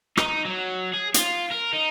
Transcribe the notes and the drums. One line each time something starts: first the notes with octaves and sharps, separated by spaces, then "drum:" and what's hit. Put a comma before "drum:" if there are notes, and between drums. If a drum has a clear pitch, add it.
D#4, drum: rim click
F#3
G#4
F4, drum: hi-hat
A#4
D#4